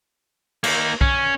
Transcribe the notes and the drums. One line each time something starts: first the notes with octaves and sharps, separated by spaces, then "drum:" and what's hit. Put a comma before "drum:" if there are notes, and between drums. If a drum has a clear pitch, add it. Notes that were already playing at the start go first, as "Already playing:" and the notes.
A#3 D#4, drum: cymbal
C#4, drum: kick B1